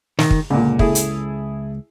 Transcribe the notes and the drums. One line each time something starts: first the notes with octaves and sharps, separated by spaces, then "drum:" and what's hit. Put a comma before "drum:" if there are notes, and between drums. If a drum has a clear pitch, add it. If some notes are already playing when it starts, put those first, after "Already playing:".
D#3, drum: snare
drum: kick
C#2 A#2 D3
E4 G#4 A4, drum: kick
drum: hi-hat